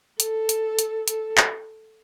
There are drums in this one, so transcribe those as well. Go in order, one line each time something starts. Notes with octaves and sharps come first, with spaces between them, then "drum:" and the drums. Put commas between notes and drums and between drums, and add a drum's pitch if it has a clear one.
A4, drum: hi-hat
drum: hi-hat
drum: hi-hat
A4, drum: hi-hat
drum: clap